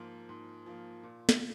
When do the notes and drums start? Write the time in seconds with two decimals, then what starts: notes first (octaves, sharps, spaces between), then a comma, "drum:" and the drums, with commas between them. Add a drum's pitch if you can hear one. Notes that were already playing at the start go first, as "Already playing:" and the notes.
Already playing: G#2 F3 A#3
0.29 G#2
0.66 F3 A#3
1.03 A#2
1.29 drum: snare